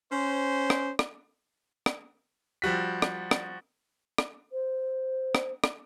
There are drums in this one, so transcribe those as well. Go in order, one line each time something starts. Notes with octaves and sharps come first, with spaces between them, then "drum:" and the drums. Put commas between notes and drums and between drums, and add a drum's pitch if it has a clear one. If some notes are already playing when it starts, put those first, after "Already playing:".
C#4 C5
drum: rim click
drum: rim click
drum: rim click
F3 G3 F#4 B6
drum: rim click
drum: rim click
drum: rim click
C5
drum: rim click
drum: rim click